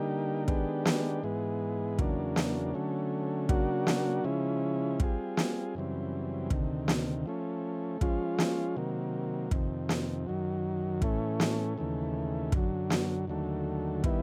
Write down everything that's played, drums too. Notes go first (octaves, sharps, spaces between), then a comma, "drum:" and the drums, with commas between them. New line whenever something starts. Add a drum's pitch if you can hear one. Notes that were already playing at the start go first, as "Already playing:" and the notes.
Already playing: D3 G3 A#3 D#4 G4
D#3 G#3 B3 D4 G4, drum: kick
drum: snare
G#2 E3 G#3 B3
E2 C#3 F#3 A#3 D4, drum: kick
drum: snare
D3 F#3 A3 C#4
C#3 F#3 A#3 D4 F#4, drum: kick
drum: snare
C#3 F3 G#3 C#4 E4
G3 C4 F4 G#4, drum: kick
drum: snare
F#2 C#3 E3 G3 C4
D2 C3 D#3, drum: kick
drum: snare
F3 A3 C#4
F3 G#3 C#4 F4, drum: kick
drum: snare
C3 D#3 F#3 A#3
F2 C3 D#3, drum: kick
drum: snare
F#2 D#3 F#3
A2 E3 A3 C#4, drum: kick
drum: snare
D#2 C#3 E3 A3
F#2 D3 F#3, drum: kick
drum: snare
D#2 D3 F#3 A3
D#3 G3 B3 E4, drum: kick